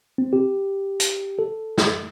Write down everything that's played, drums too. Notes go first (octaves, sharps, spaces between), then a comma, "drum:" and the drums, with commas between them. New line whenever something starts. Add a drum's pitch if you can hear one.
C4
G4
drum: hi-hat
A4
drum: snare